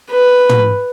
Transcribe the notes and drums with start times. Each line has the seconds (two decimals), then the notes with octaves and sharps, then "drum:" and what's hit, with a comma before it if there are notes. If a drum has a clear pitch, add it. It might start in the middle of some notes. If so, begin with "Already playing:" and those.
0.11 B4
0.49 drum: tom